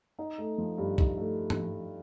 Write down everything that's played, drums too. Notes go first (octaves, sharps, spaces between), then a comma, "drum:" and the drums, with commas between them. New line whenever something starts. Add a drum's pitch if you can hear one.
D#4
A3
F3
G2
D#4, drum: kick B1
A3
drum: tom